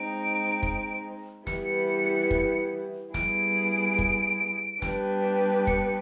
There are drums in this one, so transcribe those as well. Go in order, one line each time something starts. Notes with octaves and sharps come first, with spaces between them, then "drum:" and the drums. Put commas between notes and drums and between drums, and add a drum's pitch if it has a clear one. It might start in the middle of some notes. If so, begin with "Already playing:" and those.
Already playing: G#3 C4 D#4 D7
drum: kick
E3 G3 B3 E4 C#7, drum: snare
drum: kick
G3 B3 E4 G#4 D7, drum: snare
drum: kick
G3 B3 D4 G4 B4, drum: snare
C#7, drum: kick